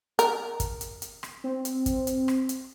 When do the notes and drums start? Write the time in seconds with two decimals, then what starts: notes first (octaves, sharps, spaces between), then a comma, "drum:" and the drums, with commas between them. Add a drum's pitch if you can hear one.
0.19 A#4, drum: hi-hat
0.60 drum: kick, hi-hat
0.81 drum: hi-hat
1.02 drum: hi-hat
1.23 drum: rim click
1.44 C4
1.65 drum: hi-hat
1.86 drum: kick, hi-hat
2.07 drum: hi-hat
2.28 drum: rim click
2.49 drum: hi-hat